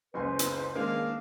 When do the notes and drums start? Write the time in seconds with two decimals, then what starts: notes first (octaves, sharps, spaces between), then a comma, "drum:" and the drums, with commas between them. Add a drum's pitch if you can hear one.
0.14 F#1 C#2 B4 C5 G#5 C6 C#6
0.39 drum: hi-hat
0.75 D#3 G#3 A#3 C#4 D4 D#5 F5